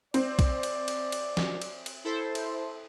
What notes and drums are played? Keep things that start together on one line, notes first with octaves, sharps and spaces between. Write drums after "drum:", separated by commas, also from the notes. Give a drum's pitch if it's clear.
C4 D5, drum: cymbal
drum: kick B1, cymbal
drum: cymbal
drum: cymbal
drum: cymbal
drum: snare
drum: cymbal
drum: cymbal
E4 A4 C5
drum: cymbal